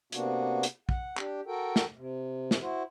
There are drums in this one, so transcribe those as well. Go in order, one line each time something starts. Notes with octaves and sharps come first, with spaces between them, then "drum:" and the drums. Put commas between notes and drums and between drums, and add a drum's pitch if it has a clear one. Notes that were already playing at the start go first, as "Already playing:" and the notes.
C3 A#3 B3 D4 F#4, drum: hi-hat
drum: hi-hat
F#5, drum: kick
D4 G4, drum: clap
F#4 A4 A#4 G5
drum: snare
C3
drum: snare
E4 F#4 C5